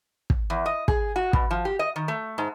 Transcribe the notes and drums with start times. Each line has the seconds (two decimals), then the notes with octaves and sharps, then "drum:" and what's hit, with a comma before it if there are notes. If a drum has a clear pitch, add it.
0.30 drum: kick
0.50 E2
0.66 D#5
0.88 G#4, drum: kick
1.16 F#4
1.33 B2, drum: kick
1.51 F3
1.65 G4
1.79 D#5
1.96 D#3
2.08 A3
2.38 G#2